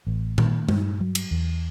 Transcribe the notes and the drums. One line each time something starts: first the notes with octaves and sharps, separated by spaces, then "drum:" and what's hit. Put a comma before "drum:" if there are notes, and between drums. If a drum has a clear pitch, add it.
A1
D#3, drum: tom A#2
G2, drum: tom
F#3
drum: cymbal
E2